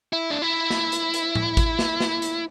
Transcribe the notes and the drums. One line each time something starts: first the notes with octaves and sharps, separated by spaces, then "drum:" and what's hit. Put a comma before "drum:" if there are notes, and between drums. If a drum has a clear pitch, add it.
E4
D4
E4
drum: snare
drum: hi-hat
drum: hi-hat
drum: tom A2
drum: kick G#1, hi-hat
drum: snare
drum: snare
drum: hi-hat